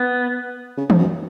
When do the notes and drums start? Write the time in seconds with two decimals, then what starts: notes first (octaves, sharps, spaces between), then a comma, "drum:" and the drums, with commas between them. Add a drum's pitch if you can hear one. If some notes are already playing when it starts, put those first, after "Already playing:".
Already playing: B3
0.77 C#3
0.90 G#2, drum: tom E3
0.99 F#2